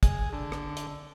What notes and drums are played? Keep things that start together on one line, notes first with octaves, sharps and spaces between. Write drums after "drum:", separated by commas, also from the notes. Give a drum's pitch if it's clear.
G#4, drum: kick, hi-hat
D3
drum: rim click
drum: hi-hat